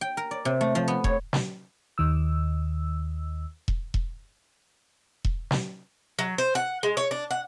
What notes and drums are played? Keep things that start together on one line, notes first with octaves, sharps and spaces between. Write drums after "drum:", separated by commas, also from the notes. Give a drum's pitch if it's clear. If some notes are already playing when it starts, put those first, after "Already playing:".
G5
A#4
D5
C3
A3
F3
B3
C#5, drum: kick E1
drum: snare
D#2 D#3 E6
drum: kick E1
drum: kick E1
drum: kick E1
drum: snare
F#3
C5
F#5
G#3
C#5
D4
F#5